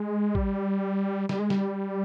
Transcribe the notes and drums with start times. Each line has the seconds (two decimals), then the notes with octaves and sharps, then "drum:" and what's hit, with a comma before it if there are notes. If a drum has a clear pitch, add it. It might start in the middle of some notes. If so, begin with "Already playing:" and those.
Already playing: G#3
0.35 G3, drum: kick
1.29 G3, drum: snare
1.39 G#3
1.50 G3, drum: snare